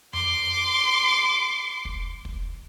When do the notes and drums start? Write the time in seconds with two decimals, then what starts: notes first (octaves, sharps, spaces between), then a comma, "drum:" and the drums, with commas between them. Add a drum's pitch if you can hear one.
0.13 C6 D6, drum: tom F2
1.85 drum: kick
2.25 drum: kick